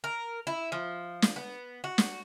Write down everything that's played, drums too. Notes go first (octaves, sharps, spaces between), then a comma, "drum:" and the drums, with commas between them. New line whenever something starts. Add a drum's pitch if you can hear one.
A#4
E4
F3
drum: snare
B3
F#4
drum: snare